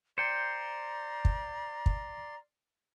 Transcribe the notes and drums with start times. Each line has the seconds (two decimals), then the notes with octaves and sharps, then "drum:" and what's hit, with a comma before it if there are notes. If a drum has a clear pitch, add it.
0.18 C5 D5 G5 A#5 C6 C#7
1.25 drum: kick
1.86 drum: kick